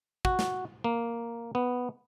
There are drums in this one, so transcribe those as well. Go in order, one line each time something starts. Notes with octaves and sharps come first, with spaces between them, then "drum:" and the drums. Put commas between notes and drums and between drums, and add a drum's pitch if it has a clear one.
F#4, drum: kick
drum: snare
A#3
B3